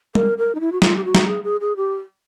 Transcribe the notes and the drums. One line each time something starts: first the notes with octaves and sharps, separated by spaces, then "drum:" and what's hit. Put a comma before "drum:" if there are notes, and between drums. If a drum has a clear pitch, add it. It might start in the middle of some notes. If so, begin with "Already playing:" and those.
A#4, drum: tom G3
A#4
D#4
E4
F#4
F4, drum: snare
G4
F#4
drum: snare
G#4
G#4
G#4
G4